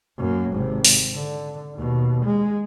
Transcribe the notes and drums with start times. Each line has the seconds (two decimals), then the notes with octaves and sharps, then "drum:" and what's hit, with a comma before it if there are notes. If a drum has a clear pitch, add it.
0.18 F#2 A#3
0.52 G#1 C3
0.85 drum: open hi-hat
1.14 D3
1.75 D#2 B2
2.25 G#3